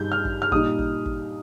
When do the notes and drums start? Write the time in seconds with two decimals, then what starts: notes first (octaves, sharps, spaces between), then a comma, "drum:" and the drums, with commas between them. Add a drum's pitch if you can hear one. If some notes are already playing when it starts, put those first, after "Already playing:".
Already playing: G2 G3 D#4 G6
0.12 F6
0.25 drum: kick
0.42 F6
0.52 A#2 G3 D#4 D#6, drum: kick
0.79 drum: kick
1.06 drum: kick